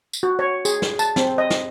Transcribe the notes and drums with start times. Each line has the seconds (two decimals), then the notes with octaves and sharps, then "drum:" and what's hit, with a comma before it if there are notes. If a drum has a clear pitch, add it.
0.13 drum: tambourine
0.23 F#4
0.39 C#5
0.65 G#4, drum: tambourine
0.82 drum: snare
0.99 A5, drum: tambourine
1.16 C4, drum: snare
1.38 D#5
1.50 drum: snare